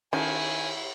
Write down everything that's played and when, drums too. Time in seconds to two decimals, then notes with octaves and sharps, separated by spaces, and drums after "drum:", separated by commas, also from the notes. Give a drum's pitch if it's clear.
0.13 D#3 C#4 E4 F#4 A4 G#5, drum: cymbal